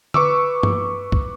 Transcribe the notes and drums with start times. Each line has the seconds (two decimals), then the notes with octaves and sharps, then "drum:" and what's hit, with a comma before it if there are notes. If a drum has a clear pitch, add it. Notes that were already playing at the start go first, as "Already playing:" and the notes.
0.14 B4 C#6 D6 E6, drum: tom D3
0.63 drum: tom G2
1.12 drum: kick